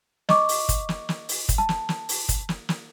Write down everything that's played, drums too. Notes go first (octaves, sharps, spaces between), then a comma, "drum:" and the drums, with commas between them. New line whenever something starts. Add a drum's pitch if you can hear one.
D#5 C#6 D6, drum: snare
drum: open hi-hat
drum: kick, hi-hat
drum: snare
drum: snare
drum: open hi-hat
drum: kick, hi-hat
A5
drum: snare
drum: snare
drum: open hi-hat
drum: kick, hi-hat
drum: snare
drum: snare